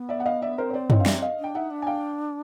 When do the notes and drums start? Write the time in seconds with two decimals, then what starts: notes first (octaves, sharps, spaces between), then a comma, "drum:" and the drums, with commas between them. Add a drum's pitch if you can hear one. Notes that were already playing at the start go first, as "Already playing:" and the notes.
Already playing: B3
0.09 D5 E5
0.20 F#5
0.25 D#5 F5
0.42 D5 E5
0.57 C4 A#4 C5
0.70 C#5
0.73 C5 D5
0.90 C#5 D#5, drum: tom
1.00 F5
1.06 D5 E5, drum: snare
1.22 D#5 F5
1.39 D4 G5
1.55 D#4 E5 F#5
1.71 D4
1.82 G#5
1.87 F5 G5